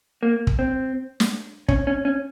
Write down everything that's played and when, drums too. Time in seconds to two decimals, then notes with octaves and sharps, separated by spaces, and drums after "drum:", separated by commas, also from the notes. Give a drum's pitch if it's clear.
0.23 A#3
0.47 drum: kick
0.59 C4
1.20 drum: snare
1.69 C#4, drum: kick
1.87 C#4
2.05 C#4